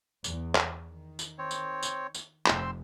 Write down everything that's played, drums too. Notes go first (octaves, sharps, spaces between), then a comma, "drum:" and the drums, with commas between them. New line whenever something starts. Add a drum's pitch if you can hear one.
E2, drum: tambourine
drum: clap
D#3
drum: tambourine
C4 C#5
drum: tambourine
drum: tambourine
drum: tambourine
F1 C4 C6 E6, drum: clap